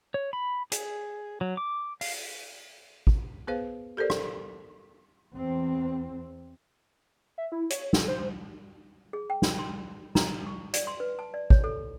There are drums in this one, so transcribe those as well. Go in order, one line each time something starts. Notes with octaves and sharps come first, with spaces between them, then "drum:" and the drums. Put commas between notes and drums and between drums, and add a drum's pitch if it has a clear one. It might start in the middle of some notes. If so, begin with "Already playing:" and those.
C#5
B5
G#4, drum: hi-hat
F#3
D6
F5, drum: open hi-hat
drum: kick
B3 G#4 B4 C5 F5
G4 A4 A#4 C5 D5
drum: rim click
E2 C4
E5
E4
C#5, drum: hi-hat
A4, drum: snare
C5
G#4
G5
drum: snare
C6
A#5, drum: snare
C#6
D5, drum: hi-hat
C6
B4
A5
D5
C#5, drum: kick
A4